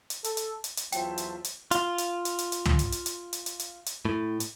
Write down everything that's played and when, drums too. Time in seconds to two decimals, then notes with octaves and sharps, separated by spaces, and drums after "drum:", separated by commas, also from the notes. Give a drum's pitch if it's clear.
0.10 drum: hi-hat
0.24 A4, drum: hi-hat
0.37 drum: hi-hat
0.64 drum: hi-hat
0.77 drum: hi-hat
0.92 E2 F#3 F4 C5 E5 G5 A5, drum: hi-hat
1.18 drum: hi-hat
1.44 drum: hi-hat
1.71 F4, drum: hi-hat
1.98 drum: hi-hat
2.25 drum: hi-hat
2.39 drum: hi-hat
2.52 drum: hi-hat
2.65 drum: tom
2.79 drum: hi-hat
2.92 drum: hi-hat
3.06 drum: hi-hat
3.33 drum: hi-hat
3.46 drum: hi-hat
3.60 drum: hi-hat
3.86 drum: hi-hat
4.05 A2
4.40 drum: hi-hat